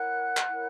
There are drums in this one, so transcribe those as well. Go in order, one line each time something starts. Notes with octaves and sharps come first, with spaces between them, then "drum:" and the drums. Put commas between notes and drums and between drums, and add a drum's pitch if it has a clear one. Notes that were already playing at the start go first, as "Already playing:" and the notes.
Already playing: E4 A#4 C#5 F#5 F#6
drum: clap
E4 A#4 C#5